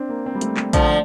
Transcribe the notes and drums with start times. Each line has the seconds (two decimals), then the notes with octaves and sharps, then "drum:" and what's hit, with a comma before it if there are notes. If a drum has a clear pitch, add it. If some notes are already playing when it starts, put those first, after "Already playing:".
Already playing: C4 D4
0.09 A#3
0.26 C4
0.35 G3
0.41 A3, drum: hi-hat
0.57 G3, drum: clap
0.73 D3 F3 A3, drum: kick, hi-hat